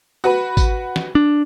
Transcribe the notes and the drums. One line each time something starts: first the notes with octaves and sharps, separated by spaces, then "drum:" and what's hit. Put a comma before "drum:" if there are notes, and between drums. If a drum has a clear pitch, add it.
F#4 B4 B5
drum: kick, tambourine
drum: snare
D4